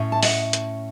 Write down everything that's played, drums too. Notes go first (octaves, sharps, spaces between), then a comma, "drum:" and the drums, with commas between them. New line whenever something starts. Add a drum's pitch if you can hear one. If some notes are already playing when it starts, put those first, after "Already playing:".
Already playing: A2 A3 C#4
A5
D#5 F#5, drum: open hi-hat
drum: hi-hat